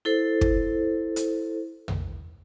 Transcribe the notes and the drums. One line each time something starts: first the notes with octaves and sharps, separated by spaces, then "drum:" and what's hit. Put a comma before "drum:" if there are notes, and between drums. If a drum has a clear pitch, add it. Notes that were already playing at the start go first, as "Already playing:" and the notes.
E4 A4 C5
drum: kick
drum: hi-hat
drum: tom